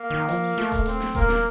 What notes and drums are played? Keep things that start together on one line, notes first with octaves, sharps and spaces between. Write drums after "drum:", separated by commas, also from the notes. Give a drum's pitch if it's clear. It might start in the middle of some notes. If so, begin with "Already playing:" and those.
Already playing: A#3
D#3
F3, drum: hi-hat
drum: open hi-hat
A3, drum: hi-hat
drum: kick D#1, hi-hat
C4, drum: hi-hat
drum: snare
A#3, drum: kick D#1, hi-hat
drum: snare